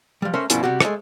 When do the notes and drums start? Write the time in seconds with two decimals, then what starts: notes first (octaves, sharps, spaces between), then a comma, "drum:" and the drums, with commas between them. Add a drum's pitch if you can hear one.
0.22 F3 G3
0.34 A3 C#4 A#4 C5 E5
0.50 G2 B2 F3 A#3 C#4 E4, drum: hi-hat
0.63 C3 G3 F#4 G4
0.81 G#3 A3, drum: rim click